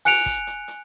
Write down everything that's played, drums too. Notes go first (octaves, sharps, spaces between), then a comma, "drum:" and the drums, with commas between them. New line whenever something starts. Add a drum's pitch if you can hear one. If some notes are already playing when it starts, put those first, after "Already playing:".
G#5 F#6 C#7 D7 F7, drum: open hi-hat
drum: kick, hi-hat
drum: hi-hat
drum: hi-hat